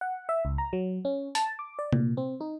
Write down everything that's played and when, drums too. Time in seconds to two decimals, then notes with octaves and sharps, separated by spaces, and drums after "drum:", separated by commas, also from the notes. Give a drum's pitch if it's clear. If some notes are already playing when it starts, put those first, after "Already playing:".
0.01 F#5
0.29 E5
0.45 C#2
0.58 A#5
0.73 F#3
1.05 C#4
1.35 A5, drum: hi-hat
1.59 D6
1.79 D5
1.93 A#2, drum: tom C3
2.17 C4
2.41 D#4